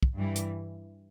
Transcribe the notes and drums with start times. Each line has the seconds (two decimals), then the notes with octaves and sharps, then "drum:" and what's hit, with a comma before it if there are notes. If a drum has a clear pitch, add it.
0.03 drum: kick
0.16 G2 E3 G3
0.36 drum: hi-hat